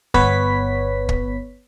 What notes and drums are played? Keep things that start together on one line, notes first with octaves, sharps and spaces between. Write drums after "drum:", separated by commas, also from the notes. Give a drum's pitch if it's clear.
G1 B3 B4 C#5 B6, drum: kick
drum: kick